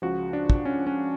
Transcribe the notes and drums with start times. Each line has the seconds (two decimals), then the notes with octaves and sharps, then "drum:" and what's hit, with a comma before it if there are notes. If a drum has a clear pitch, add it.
0.02 C#2 C#3 F3 F#4
0.33 D4
0.50 drum: kick
0.65 C#4
0.87 C#4